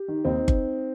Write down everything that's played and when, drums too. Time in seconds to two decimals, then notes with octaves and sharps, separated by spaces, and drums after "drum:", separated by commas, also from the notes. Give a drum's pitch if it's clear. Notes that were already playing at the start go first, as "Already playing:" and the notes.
Already playing: G4
0.08 D#3
0.25 D#2 C4 D#4
0.48 drum: kick G1